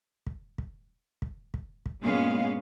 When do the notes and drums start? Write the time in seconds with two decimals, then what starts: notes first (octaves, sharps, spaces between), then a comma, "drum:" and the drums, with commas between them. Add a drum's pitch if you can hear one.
0.27 drum: kick
0.58 drum: kick
1.22 drum: kick
1.54 drum: kick
1.86 drum: kick
2.02 G2 A#2 G#3 B3 C#4 F5